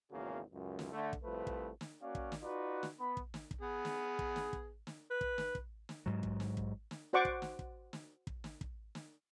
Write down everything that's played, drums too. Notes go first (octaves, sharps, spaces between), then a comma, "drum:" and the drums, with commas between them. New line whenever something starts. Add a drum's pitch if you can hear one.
G#1 E2 C#3 A#3 F#4
C#2 F#2
drum: snare
D3 A3
drum: kick
C2 F3 A3 B4
drum: kick
drum: snare
A#3 C#4 F#4 D5 F5
drum: kick
drum: snare
D#4 F4 F#4 B4 D5
drum: snare
B3 B5
drum: kick
drum: snare
drum: kick
B3 G#4
drum: snare
drum: kick
drum: snare
drum: kick
drum: snare
B4
drum: kick
drum: snare
drum: kick
drum: snare
G#2 F#3
drum: kick
drum: snare
drum: kick
drum: snare
F#4 C5 D5 F#5 C#6 D6
drum: kick
drum: snare
drum: kick
drum: snare
drum: kick
drum: snare
drum: kick
drum: snare